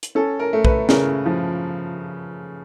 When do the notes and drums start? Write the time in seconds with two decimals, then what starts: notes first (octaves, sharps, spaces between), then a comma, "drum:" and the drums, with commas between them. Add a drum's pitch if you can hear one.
0.03 drum: hi-hat
0.15 C#4 A4
0.39 A#4
0.53 A3
0.65 B4, drum: kick
0.89 C#3 A#4, drum: snare
1.26 F3